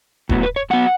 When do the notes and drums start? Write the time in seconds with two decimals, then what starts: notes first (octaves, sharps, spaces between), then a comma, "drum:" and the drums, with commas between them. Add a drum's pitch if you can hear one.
0.29 A2 F#3 B3, drum: kick D#1
0.43 B4
0.56 C#5
0.70 A2 F#3 B3 F#5